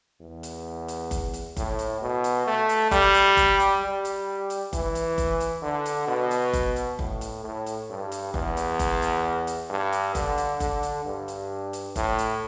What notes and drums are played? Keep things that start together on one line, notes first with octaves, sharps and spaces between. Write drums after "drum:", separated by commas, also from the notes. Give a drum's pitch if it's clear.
E2
drum: hi-hat
drum: hi-hat
drum: kick F#1, hi-hat
drum: hi-hat
A2, drum: kick F#1, hi-hat
drum: hi-hat
B2
drum: hi-hat
A3
drum: hi-hat
G3, drum: kick F#1, hi-hat
drum: hi-hat
drum: kick F#1, hi-hat
drum: hi-hat
G3
drum: hi-hat
drum: hi-hat
E3, drum: kick F#1, hi-hat
drum: hi-hat
drum: kick F#1, hi-hat
drum: hi-hat
D3
drum: hi-hat
B2
drum: hi-hat
drum: kick F#1, hi-hat
drum: hi-hat
A2, drum: kick F#1
drum: hi-hat
A2
drum: hi-hat
G2
drum: hi-hat
E2, drum: kick F#1
drum: hi-hat
drum: kick F#1, hi-hat
drum: hi-hat
drum: hi-hat
G2
drum: hi-hat
D3, drum: kick F#1, hi-hat
drum: hi-hat
D3, drum: kick F#1, hi-hat
drum: hi-hat
G2
drum: hi-hat
drum: hi-hat
A2, drum: kick F#1, hi-hat
drum: hi-hat